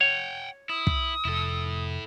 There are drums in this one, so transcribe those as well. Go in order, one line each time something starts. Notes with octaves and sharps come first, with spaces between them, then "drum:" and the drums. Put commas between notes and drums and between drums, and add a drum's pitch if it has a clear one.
C#5 F#5 G5
E4 D#6
drum: kick
F1 E4 A4